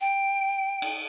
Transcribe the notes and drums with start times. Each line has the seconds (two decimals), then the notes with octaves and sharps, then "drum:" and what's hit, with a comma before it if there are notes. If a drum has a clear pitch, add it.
0.01 G5
0.82 drum: cymbal